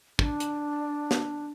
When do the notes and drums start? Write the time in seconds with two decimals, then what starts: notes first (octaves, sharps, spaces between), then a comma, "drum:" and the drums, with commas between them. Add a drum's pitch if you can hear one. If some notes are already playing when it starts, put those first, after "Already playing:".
0.19 D4, drum: kick
0.40 drum: hi-hat
1.11 drum: snare